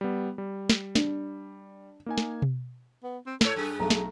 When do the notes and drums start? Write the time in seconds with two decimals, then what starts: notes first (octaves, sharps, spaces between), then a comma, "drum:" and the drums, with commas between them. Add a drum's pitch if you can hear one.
0.01 G3 B3
0.38 G3
0.69 drum: snare
0.95 D4, drum: snare
2.06 A#3 D#4 G#5
2.18 drum: snare
2.42 drum: tom B2
3.03 B3
3.26 C4
3.41 G#2 A4 C#5, drum: snare
3.56 F#2 G#4
3.80 B1 A3 A#5
3.90 drum: snare